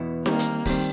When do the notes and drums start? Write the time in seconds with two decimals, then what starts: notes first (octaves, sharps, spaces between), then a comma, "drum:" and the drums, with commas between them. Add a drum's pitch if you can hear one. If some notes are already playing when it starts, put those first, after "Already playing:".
Already playing: E2 B2 B3 E4
0.26 D#3 G3 A#3 C4, drum: snare D#4
0.39 drum: hi-hat
0.65 D#3 G3 C4, drum: kick, open hi-hat